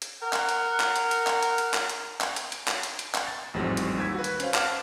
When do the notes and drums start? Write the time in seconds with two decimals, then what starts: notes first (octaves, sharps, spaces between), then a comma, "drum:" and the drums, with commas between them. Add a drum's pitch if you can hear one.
0.02 drum: hi-hat
0.21 A#4 F#5
0.33 drum: clap
0.49 drum: hi-hat
0.80 drum: clap
0.96 drum: hi-hat
1.11 drum: hi-hat
1.27 drum: clap
1.43 drum: hi-hat
1.58 drum: hi-hat
1.74 drum: clap
1.89 drum: hi-hat
2.21 drum: clap
2.36 drum: hi-hat
2.52 drum: hi-hat
2.68 drum: clap
2.83 drum: hi-hat
2.99 drum: hi-hat
3.15 drum: clap
3.27 A6
3.54 A1 F2 G#2 G3 C4 F#4
3.77 drum: hi-hat
3.98 D#2 E6 G#6 B6
4.14 F#4 B4
4.24 drum: hi-hat
4.40 C#4 C5 F5, drum: hi-hat
4.54 F5 F#5 A5 D6 F6 E7, drum: clap